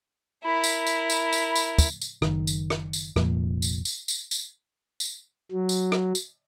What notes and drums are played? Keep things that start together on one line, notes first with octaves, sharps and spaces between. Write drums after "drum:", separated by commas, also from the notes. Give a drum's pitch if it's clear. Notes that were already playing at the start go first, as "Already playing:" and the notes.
E4 A#4 B5
drum: tambourine
drum: tambourine
drum: tambourine
drum: tambourine
drum: tambourine
drum: kick, tambourine
drum: tambourine
F#1 B1 D#3, drum: rim click
drum: tambourine
drum: rim click
drum: tambourine
F1 A#1 F2 A#2, drum: rim click
drum: tambourine
drum: tambourine
drum: tambourine
drum: tambourine
drum: tambourine
F#3
drum: tambourine
drum: rim click
drum: tambourine